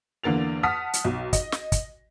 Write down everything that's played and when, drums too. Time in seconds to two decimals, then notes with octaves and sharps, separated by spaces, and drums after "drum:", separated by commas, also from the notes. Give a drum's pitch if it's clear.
0.24 E2 D3 A#3 A6 F7
0.63 F#5 A5 D#6 F6 B6
0.93 drum: hi-hat
1.04 B1
1.33 D#5, drum: kick, hi-hat
1.52 drum: snare
1.72 drum: kick, hi-hat